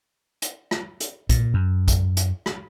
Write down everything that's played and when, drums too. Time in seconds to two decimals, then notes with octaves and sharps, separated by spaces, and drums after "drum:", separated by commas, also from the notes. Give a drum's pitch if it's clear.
0.42 drum: hi-hat
0.71 drum: rim click
1.00 drum: hi-hat
1.29 A#2, drum: kick, hi-hat
1.54 F#2
1.88 drum: kick, hi-hat
2.17 drum: hi-hat
2.46 drum: rim click